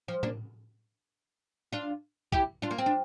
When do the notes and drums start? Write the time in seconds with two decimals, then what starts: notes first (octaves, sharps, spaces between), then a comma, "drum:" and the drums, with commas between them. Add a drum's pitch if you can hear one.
0.08 F3
0.23 A#3 D4, drum: tom A2
1.73 D4 F4
2.32 E4 G4, drum: kick
2.62 D4 F4
2.71 A#3
2.78 C4
2.86 D4